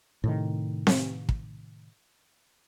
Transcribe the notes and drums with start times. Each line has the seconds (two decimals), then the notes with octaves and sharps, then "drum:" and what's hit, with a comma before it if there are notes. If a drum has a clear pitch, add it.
0.24 A2 C3 D#3
0.87 drum: snare C4
1.29 drum: kick